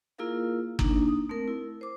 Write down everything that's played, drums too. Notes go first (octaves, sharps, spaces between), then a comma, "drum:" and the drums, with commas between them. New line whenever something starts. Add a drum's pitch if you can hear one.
A#3 E4 F4 G#4 A#4 F5
A#3 D4 D#4, drum: kick
D#6
A3 C4 A#4
E4
C5 D6